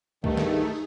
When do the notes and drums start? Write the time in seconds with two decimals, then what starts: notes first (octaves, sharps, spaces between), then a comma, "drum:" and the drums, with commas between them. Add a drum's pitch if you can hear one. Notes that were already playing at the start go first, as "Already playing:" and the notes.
0.24 G2 D#3 A3 D#4 G#4, drum: kick C2
0.37 drum: snare